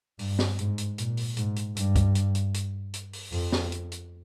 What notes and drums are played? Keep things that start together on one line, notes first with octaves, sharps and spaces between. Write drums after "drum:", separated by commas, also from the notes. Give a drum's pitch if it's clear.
G2, drum: open hi-hat
drum: snare
G#2, drum: hi-hat
drum: hi-hat
A#2, drum: hi-hat
drum: open hi-hat
G#2, drum: hi-hat
drum: hi-hat
G2, drum: hi-hat
drum: kick, hi-hat
drum: hi-hat
drum: hi-hat
drum: hi-hat
drum: hi-hat
drum: open hi-hat
F2, drum: open hi-hat
drum: snare
drum: hi-hat
drum: hi-hat